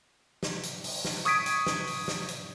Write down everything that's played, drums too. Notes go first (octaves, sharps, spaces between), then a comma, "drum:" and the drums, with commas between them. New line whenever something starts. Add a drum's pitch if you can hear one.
drum: snare
drum: hi-hat
drum: open hi-hat
drum: snare
C#6 D#6 G#6 B6 D7, drum: hi-hat
drum: hi-hat
drum: snare
drum: open hi-hat
drum: snare
drum: hi-hat